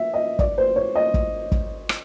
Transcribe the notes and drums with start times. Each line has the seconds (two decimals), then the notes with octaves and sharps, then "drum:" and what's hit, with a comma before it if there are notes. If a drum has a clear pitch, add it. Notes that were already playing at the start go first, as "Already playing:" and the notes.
Already playing: E5
0.14 D#5
0.39 D5, drum: kick
0.58 C5
0.76 C#5
0.96 D#5
1.14 drum: kick
1.52 drum: kick
1.89 drum: rim click